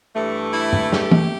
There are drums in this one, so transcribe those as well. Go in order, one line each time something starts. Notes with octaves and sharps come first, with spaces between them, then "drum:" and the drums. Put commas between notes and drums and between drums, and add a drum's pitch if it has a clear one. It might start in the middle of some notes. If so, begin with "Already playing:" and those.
G2 E3 A3
E4
drum: tom F#2
G4, drum: snare
drum: tom